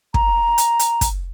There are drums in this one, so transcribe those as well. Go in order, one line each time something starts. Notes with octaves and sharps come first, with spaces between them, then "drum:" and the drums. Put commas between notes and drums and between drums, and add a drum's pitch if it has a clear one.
A#5, drum: kick
drum: hi-hat
drum: hi-hat
drum: kick, hi-hat